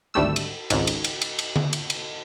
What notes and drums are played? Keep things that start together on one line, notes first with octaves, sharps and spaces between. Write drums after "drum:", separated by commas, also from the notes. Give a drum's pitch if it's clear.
G#1 D2 G3 A3 E6
drum: cymbal
G#1 C#2 G#2, drum: cymbal
drum: cymbal
drum: cymbal
drum: cymbal
drum: cymbal
drum: tom D3
drum: cymbal
drum: cymbal